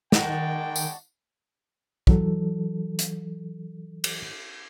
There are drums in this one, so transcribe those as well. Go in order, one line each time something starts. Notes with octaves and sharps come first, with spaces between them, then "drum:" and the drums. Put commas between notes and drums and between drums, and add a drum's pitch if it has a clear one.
D#3 G#3 D4 D#4 F#4 G5, drum: snare
drum: tambourine
E3 F#3 A4, drum: kick
drum: hi-hat
drum: cymbal